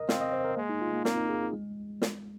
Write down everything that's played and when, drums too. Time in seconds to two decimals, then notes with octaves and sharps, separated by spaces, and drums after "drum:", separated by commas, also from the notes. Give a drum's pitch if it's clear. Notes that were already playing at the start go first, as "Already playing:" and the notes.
Already playing: A#4 D#5
0.09 C4 F5, drum: snare
0.21 D#5
0.33 C5
0.44 A#4
0.57 G#3 A#3
0.70 D#4
0.81 F4
0.93 A#3
1.05 A#3 C4, drum: snare
1.17 D#4
1.29 G#4
1.53 G#3
2.02 drum: snare